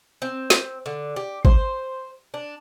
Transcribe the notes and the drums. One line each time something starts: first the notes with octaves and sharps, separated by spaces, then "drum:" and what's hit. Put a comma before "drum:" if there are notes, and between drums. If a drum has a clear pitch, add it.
C4
drum: snare
D3
G4
C5, drum: kick
D4